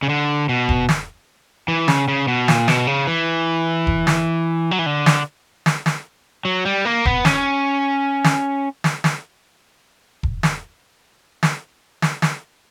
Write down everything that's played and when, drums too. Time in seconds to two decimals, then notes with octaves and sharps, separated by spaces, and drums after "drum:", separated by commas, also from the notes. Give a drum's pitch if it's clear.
0.03 C#3
0.09 D3
0.49 B2
0.69 drum: kick E1
0.89 drum: snare
1.68 E3
1.88 C#3, drum: snare
2.08 C#3
2.28 B2
2.48 A#2, drum: snare
2.68 B2, drum: snare
2.87 C#3
3.07 E3
3.87 drum: kick E1
4.07 drum: snare
4.71 F#3
4.79 E3
4.86 D3
5.06 drum: snare
5.66 drum: snare
5.86 drum: snare
6.45 F#3
6.65 G3
6.85 A#3
7.05 B3, drum: kick E1
7.25 C#4, drum: snare
8.24 drum: snare
8.84 drum: snare
9.04 drum: snare
10.23 drum: kick E1
10.43 drum: snare
11.43 drum: snare
12.02 drum: snare
12.22 drum: snare